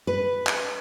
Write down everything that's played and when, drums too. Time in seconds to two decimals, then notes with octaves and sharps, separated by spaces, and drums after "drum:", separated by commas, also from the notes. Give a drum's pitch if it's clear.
0.07 B4
0.47 drum: clap